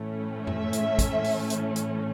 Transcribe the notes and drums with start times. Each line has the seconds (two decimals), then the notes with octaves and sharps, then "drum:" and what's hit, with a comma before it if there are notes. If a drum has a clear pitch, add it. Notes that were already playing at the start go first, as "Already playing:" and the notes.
Already playing: A2 E3 A3 C#4
0.47 E5, drum: tom F#2
0.73 drum: hi-hat
0.99 drum: kick, hi-hat
1.24 drum: open hi-hat
1.50 drum: hi-hat
1.76 drum: hi-hat